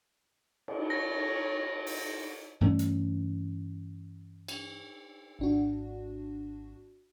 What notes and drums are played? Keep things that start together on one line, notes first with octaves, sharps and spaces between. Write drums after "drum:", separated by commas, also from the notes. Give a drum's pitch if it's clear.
drum: cymbal
C#5 A#6
drum: open hi-hat
G2 E3 A3 C#4
drum: hi-hat
drum: cymbal
G#1 D4 F#4